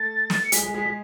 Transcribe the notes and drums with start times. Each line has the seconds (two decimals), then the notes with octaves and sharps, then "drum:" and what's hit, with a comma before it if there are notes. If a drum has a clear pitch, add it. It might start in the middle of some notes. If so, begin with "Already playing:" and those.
Already playing: A3 A4 A6
0.30 drum: snare
0.44 C#7
0.52 G#3 G#4 B6, drum: hi-hat
0.63 G#3 G#4
0.74 G#3 G#4
0.86 G#3 G#4